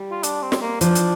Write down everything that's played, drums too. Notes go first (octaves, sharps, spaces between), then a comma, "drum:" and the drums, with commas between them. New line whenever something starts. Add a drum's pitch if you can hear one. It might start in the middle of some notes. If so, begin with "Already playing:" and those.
Already playing: G3
F4
D4, drum: hi-hat
C4
drum: snare
A#3
F3 D4, drum: hi-hat
drum: hi-hat